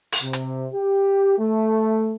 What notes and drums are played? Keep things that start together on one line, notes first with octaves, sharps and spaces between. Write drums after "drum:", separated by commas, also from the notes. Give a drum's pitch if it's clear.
drum: open hi-hat
C3
drum: hi-hat
G4
A3